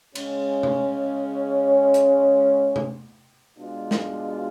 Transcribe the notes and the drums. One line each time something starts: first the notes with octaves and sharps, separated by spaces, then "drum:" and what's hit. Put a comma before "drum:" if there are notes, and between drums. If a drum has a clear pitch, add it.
C#3 G#3 C#4, drum: cymbal
drum: tom C3
drum: hi-hat
drum: tom C3
B2 G#3 D4 F4
drum: snare